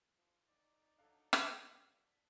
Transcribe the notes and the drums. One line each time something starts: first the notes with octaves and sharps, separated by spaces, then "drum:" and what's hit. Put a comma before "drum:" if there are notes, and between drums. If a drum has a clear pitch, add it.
F3
D#4 D5
F#3 D4 A4 F5
drum: rim click
G2
E5